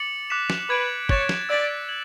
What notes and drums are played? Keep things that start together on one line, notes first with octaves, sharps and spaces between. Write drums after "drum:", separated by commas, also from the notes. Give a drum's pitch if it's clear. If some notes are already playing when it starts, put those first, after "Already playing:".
Already playing: D6 A6 C#7 F#7
D6 F#6 B6 E7
drum: snare
B4 D6 G#6 D7
C#5 F#6 A6 E7, drum: kick
drum: snare
D5 E6 G#6 B6 D7
G#6 F#7